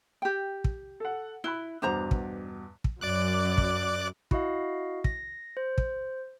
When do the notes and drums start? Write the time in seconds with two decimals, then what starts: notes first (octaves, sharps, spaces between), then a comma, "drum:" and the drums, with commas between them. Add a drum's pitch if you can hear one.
0.22 G4 G5
0.64 drum: kick
1.00 A4 F#5
1.44 E4 B5 F#6 G7
1.82 E2 G2 B2 D4 C5 A#5
2.11 drum: kick
2.84 drum: kick
3.01 F#2 F#3 D5 D6 F#6
3.58 drum: kick
4.31 E4 F#4 D#5 F5, drum: kick
5.04 A#6, drum: kick
5.57 C5
5.78 drum: kick